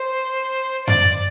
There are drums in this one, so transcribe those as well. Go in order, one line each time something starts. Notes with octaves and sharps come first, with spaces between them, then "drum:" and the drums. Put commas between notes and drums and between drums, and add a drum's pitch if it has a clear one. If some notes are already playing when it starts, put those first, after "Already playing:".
Already playing: C5
D5, drum: tom F#2